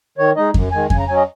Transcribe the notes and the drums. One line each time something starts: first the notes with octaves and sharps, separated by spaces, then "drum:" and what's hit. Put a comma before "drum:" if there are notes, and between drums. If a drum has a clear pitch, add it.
D#3 C#5
G#3 D#4 D#5
F#2, drum: kick F2
D#3 G#3 G#5
C#3 G#5, drum: kick F2
A#5
F#3 C#4 G#5
D#5